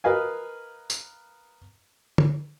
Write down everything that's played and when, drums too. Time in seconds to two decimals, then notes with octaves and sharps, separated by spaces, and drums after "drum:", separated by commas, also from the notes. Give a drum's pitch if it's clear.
0.04 A#4 B4 D#5 F5 G#5
0.90 drum: tambourine
2.18 drum: tom